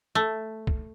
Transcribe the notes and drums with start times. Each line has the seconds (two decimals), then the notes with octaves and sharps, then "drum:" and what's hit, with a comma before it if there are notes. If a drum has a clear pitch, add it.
0.15 A3
0.67 drum: kick